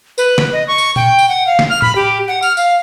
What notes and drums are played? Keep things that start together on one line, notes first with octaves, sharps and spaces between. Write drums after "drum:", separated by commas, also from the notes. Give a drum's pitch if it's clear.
B4, drum: tambourine
drum: snare
D#5
C#6
drum: tambourine
G5, drum: tom A#2
drum: tambourine
F#5
F5
drum: snare
F6
B5, drum: tom A2
G4
F#5
F6, drum: tambourine
F5, drum: tambourine